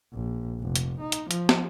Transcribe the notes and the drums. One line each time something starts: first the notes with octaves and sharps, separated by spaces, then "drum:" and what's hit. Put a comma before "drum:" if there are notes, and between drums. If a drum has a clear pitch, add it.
A#1
F1
drum: hi-hat
D#4
drum: hi-hat
F3, drum: hi-hat
drum: snare